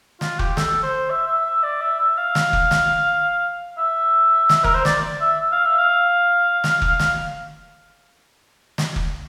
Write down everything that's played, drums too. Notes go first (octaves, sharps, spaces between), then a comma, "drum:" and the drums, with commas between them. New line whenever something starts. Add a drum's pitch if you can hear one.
F4, drum: snare
G4, drum: kick F1
A4, drum: snare
C5
E5
E5
E5
D5
E5
E5
F5
drum: snare
drum: kick F1
drum: snare
E5
drum: snare
A#4, drum: kick F1
C5
D5, drum: snare
E5
F5
E5
F5
drum: snare
drum: kick F1
drum: snare
drum: snare
drum: kick F1